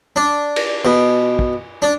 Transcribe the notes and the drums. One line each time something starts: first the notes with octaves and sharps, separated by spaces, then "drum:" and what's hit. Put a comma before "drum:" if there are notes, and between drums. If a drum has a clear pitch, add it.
D4
drum: cymbal
B2
drum: kick
D4